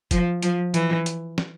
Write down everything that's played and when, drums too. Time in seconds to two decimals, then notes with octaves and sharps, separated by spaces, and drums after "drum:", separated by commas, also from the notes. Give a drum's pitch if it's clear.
0.11 F3, drum: kick F1, hi-hat
0.43 F3, drum: hi-hat
0.74 E3, drum: hi-hat
1.06 drum: hi-hat
1.38 drum: snare